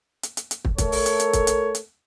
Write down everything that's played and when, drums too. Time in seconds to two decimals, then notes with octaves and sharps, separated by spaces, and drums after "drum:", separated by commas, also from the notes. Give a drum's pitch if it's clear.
0.23 drum: hi-hat
0.37 drum: hi-hat
0.51 drum: hi-hat
0.65 drum: kick
0.78 A3 A4 A#4 C#5, drum: kick, hi-hat
0.92 drum: open hi-hat
1.06 drum: hi-hat
1.20 drum: hi-hat
1.33 drum: kick, hi-hat
1.47 drum: hi-hat
1.75 drum: hi-hat